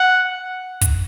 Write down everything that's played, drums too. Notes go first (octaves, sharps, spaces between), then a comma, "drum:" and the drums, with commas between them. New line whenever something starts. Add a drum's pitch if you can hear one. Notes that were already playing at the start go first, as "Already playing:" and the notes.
Already playing: F#5
drum: kick, hi-hat